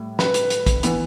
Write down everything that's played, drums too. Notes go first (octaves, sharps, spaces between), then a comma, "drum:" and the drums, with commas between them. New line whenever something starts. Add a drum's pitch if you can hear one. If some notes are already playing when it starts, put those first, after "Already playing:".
Already playing: A2 G3
B4, drum: snare
drum: hi-hat
drum: hi-hat
drum: kick, hi-hat
E3 B3, drum: hi-hat